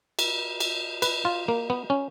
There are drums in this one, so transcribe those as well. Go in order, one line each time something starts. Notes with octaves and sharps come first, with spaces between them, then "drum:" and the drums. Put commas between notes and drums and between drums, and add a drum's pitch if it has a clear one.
drum: cymbal
drum: cymbal
B4, drum: cymbal
F4
A#3
B3
C#4